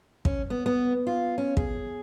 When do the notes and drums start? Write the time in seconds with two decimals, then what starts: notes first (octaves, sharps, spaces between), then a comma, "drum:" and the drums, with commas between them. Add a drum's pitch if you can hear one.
0.25 C#4, drum: kick
0.50 B3
0.66 B3
1.07 F4
1.38 C#4
1.57 G#4, drum: kick